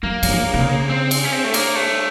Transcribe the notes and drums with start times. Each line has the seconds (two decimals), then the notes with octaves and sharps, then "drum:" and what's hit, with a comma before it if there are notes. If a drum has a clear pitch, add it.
0.03 F#3 A#3
0.23 F#3, drum: cymbal
0.32 F3
0.54 C3
0.60 C#3
0.89 C4
1.11 drum: cymbal
1.25 C#4
1.33 C4
1.44 A3
1.54 A#3, drum: cymbal
1.75 A3